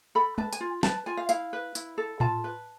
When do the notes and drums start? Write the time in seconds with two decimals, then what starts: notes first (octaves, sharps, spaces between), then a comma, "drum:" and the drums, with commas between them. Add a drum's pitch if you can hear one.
0.15 A4 B5
0.38 B4 A5, drum: tom G#3
0.53 G#5, drum: hi-hat
0.61 F4
0.83 B4 A5, drum: snare
1.06 F4 G#5
1.17 F5
1.29 E4 F5, drum: hi-hat
1.53 B4
1.75 E4, drum: hi-hat
1.98 A4
2.20 F4 A5, drum: tom A2
2.44 B4